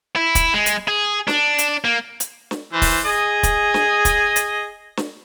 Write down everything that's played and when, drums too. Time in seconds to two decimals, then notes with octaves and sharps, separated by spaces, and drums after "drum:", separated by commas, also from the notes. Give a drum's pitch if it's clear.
0.16 E4
0.35 drum: kick, hi-hat
0.54 G#3
0.66 drum: hi-hat
0.88 G#4
1.28 D4, drum: snare
1.58 drum: hi-hat
1.84 A#3
2.20 drum: hi-hat
2.51 drum: snare
2.73 E3 C5
2.82 drum: kick, open hi-hat
3.05 G#4 D#5
3.43 drum: kick, hi-hat
3.74 drum: snare
4.05 drum: kick, hi-hat
4.36 drum: hi-hat
4.97 drum: snare